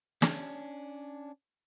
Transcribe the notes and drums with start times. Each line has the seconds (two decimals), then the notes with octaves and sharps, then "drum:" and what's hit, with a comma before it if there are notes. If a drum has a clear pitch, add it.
0.22 C#4 D4, drum: snare